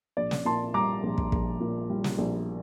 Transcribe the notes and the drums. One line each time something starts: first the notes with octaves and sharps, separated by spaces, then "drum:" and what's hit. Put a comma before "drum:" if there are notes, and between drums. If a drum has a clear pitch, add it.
A#1 D5
drum: snare
A#2 A5 C6
G3 A#5 D6
A#1
drum: kick
A#1, drum: kick
A#2
G3
drum: snare
A#1